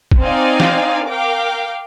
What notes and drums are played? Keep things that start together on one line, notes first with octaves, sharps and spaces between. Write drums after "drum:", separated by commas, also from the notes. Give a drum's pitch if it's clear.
drum: kick
C4 D#4 D5 F5 G#5
drum: snare
A#4 F5 G5 D6